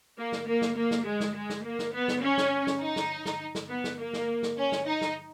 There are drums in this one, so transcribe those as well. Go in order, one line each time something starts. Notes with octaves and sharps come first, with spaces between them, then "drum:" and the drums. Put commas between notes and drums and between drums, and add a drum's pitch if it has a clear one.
A#3
drum: snare
A#3
drum: snare
A#3
drum: snare
G#3
drum: snare
G#3
drum: snare
A#3
drum: snare
B3
drum: snare
C#4
drum: snare
drum: snare
D#4
drum: snare
drum: snare
drum: snare
B3
drum: snare
A#3
drum: snare
drum: snare
C#4
drum: snare
D#4
drum: snare